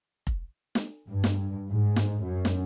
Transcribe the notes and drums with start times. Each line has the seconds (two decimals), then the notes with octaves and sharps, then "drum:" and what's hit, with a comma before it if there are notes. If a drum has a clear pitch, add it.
0.27 drum: kick F1
0.75 drum: snare
1.08 G2
1.24 drum: snare
1.72 G#2
1.96 drum: snare
2.25 F#2
2.45 drum: snare